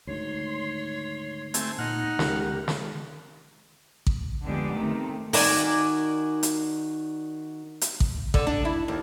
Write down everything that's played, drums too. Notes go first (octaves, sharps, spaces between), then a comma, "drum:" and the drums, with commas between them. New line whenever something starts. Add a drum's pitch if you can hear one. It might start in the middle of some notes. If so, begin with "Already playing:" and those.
D2 G#2 D#3 C#5 C6
A3 C4 G#5, drum: hi-hat
A#2 D#4 F#5 F6
C#2 G4 A#4, drum: snare
drum: snare
drum: kick A1
F2 D3 G#3 B3 G4 D5
C3 D#3 A3
D#3 F#4 A#4 D5 G#5, drum: open hi-hat
drum: hi-hat
drum: hi-hat
drum: kick A1
D3, drum: kick A1
D4
E4
D#2